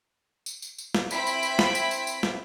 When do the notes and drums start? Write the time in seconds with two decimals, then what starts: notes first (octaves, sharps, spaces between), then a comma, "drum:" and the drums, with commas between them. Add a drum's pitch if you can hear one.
0.46 drum: tambourine
0.62 drum: tambourine
0.78 drum: tambourine
0.95 drum: snare
1.11 C4 E4 B5 B6 D7, drum: tambourine
1.27 drum: tambourine
1.43 drum: tambourine
1.59 drum: snare
1.75 drum: tambourine
1.91 drum: tambourine
2.07 drum: tambourine
2.23 drum: snare